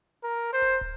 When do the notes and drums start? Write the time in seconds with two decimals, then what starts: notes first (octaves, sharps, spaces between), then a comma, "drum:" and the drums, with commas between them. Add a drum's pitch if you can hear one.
0.24 A#4
0.53 C5
0.62 drum: snare E1
0.81 drum: kick